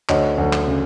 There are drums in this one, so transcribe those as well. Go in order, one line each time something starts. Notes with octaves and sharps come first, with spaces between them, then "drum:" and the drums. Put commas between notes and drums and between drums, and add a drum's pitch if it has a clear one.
D2 C#5 D#5, drum: clap
D2
drum: clap
C#3